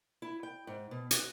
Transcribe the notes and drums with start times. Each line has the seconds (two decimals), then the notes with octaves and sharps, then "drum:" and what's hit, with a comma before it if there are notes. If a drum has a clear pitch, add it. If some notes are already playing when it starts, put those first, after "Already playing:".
0.22 E4
0.43 G5
0.67 G#2
0.91 B2
1.11 F#4, drum: hi-hat